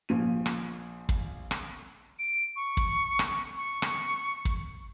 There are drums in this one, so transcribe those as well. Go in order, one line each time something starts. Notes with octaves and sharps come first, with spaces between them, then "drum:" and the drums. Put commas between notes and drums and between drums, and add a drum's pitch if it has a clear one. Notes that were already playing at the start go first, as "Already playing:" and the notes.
A#1 F3 D#7
drum: rim click
drum: kick
drum: rim click
D7
C#6
drum: kick
drum: rim click
C#6
drum: rim click
drum: kick